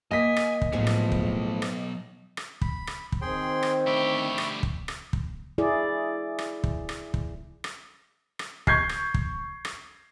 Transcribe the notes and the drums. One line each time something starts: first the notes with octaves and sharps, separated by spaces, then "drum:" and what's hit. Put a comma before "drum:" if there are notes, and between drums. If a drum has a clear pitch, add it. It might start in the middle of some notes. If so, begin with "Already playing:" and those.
A#3 D#5 G#5 B6
drum: rim click
drum: kick
A2 F3 F#3 B3 G#4
drum: rim click
drum: kick
drum: rim click
drum: rim click
B5, drum: kick
drum: rim click
drum: kick
D#3 C4 G#4 C5 G5 C6
drum: rim click
D2 G4 E5 B5 C#6
drum: rim click
drum: kick
drum: rim click
drum: kick
E4 G#4 D5
drum: rim click
drum: kick
drum: rim click
drum: kick
drum: rim click
drum: rim click
C#6 G6 G#6 C7, drum: kick
drum: rim click
drum: kick
drum: rim click